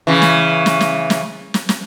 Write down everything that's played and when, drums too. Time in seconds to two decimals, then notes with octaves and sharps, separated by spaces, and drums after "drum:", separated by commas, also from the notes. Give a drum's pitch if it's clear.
0.07 C#3 E3
0.22 drum: snare
0.66 drum: snare
0.81 drum: snare
1.10 drum: snare
1.54 drum: snare
1.69 drum: snare